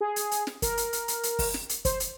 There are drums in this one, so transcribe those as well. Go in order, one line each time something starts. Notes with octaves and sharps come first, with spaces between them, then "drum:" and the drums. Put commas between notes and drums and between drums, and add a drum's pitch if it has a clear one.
G#4
drum: hi-hat
drum: hi-hat
drum: snare
A#4, drum: kick, hi-hat
drum: hi-hat
drum: hi-hat
drum: hi-hat
drum: hi-hat
drum: kick, open hi-hat
drum: snare
drum: hi-hat
C5, drum: kick, hi-hat
drum: hi-hat